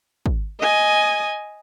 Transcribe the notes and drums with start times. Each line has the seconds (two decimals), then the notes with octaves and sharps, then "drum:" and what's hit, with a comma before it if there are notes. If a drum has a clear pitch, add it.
0.26 drum: kick
0.60 D#5 G#5